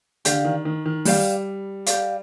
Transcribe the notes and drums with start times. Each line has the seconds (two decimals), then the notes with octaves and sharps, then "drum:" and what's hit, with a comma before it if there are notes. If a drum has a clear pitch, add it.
0.25 D3 G4 D5 F5, drum: hi-hat
0.45 D#3
0.65 D#3
0.86 D#3
1.05 G3 G4 D5 F5, drum: open hi-hat
1.86 G4 D5 F5, drum: hi-hat